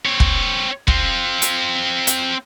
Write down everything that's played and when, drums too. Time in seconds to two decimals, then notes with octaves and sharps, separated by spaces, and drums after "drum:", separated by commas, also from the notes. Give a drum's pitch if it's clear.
0.05 C4 C#5
0.20 drum: kick
0.88 C4 F4, drum: kick
1.42 drum: hi-hat
2.07 drum: hi-hat